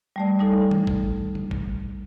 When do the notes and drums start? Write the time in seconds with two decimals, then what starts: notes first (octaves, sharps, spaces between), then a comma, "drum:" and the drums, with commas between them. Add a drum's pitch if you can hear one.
0.16 G3 A3 D5
0.39 G3 D#4 A4
0.71 drum: tom
0.87 drum: kick
1.35 drum: tom D3
1.51 drum: kick